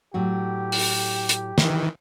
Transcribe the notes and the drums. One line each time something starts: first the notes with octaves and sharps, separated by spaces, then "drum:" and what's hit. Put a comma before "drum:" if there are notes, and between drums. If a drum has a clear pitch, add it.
A2 F#3 F#4 G4
drum: open hi-hat
drum: hi-hat
D#3 E3, drum: snare